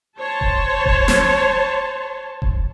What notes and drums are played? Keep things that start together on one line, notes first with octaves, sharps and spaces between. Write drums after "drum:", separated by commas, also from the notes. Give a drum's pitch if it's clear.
C5 C#5 A5
drum: kick E1
drum: kick E1
drum: snare
drum: kick E1